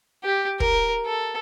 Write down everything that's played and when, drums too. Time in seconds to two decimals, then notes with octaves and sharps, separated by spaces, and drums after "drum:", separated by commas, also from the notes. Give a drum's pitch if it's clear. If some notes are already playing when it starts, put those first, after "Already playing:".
0.24 G4
0.60 A#4, drum: kick
1.06 A4